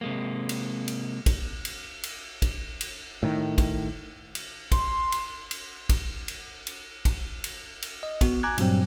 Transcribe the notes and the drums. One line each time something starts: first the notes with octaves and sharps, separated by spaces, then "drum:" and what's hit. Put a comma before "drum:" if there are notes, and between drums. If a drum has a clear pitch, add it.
C3 G#3 A#3
drum: cymbal
drum: cymbal
drum: kick, cymbal
drum: cymbal
drum: cymbal
drum: kick, cymbal
drum: cymbal
A2 D#3
drum: kick, cymbal
drum: cymbal
C6, drum: kick, cymbal
drum: cymbal
drum: cymbal
drum: kick, cymbal
drum: cymbal
drum: cymbal
drum: kick, cymbal
drum: cymbal
drum: cymbal
D#5
B3 F#4, drum: kick, cymbal
G#5 A#5 D6 F#6 G#6
G2 A#2 F#3 G3 C4 G5, drum: cymbal